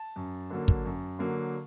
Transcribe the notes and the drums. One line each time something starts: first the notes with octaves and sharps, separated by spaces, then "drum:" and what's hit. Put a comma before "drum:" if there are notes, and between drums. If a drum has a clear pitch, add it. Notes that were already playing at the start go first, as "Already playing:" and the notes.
Already playing: A5
F#2
D3 F#3 A#3
drum: kick
F#2
D3 F#3 A#3